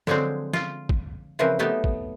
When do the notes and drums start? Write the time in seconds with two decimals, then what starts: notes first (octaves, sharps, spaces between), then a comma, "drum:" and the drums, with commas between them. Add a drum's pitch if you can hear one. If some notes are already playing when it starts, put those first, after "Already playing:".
0.07 D3 F3 F#3 G#3 C4, drum: snare
0.53 F4, drum: snare
0.89 drum: kick
1.39 C#3 E3 F3 C4 A#4 B4
1.59 F#3 A3 B3 D#4 G4 E5
1.84 drum: kick